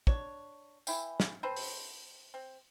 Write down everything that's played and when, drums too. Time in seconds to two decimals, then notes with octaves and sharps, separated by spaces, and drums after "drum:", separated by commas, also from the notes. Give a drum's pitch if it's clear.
0.07 D4 C#5, drum: kick
0.87 E3 E4 G5, drum: tambourine
1.20 drum: snare
1.43 C4 A4 B4 C5
1.56 drum: open hi-hat
2.34 C4